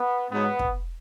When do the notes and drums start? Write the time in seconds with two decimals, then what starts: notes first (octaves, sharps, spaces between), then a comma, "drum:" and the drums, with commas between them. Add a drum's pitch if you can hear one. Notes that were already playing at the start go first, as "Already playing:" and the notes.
Already playing: B3
0.31 G#2 F#3 B3
0.59 drum: kick